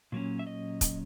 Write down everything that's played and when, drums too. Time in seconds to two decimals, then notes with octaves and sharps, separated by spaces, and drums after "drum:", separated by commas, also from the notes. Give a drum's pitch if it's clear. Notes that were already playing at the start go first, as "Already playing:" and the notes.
0.12 A#2 F#3 A#3 C#4
0.39 E5
0.47 D#5
0.81 drum: kick, hi-hat